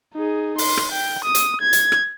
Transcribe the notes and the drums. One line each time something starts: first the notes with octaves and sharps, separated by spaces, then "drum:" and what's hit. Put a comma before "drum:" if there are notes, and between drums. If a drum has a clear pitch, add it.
D#4 G#4
C6, drum: open hi-hat
drum: rim click
G5
D#6
drum: hi-hat
G#6
drum: hi-hat
drum: rim click